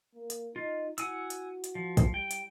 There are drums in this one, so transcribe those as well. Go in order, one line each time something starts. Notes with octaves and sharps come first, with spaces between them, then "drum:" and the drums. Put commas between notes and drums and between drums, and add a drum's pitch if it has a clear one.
A#3
drum: hi-hat
D#4 F4
E4 F#4 F#5 G#5 E6, drum: hi-hat
drum: hi-hat
drum: hi-hat
F3
drum: kick, hi-hat
G3 G5
drum: hi-hat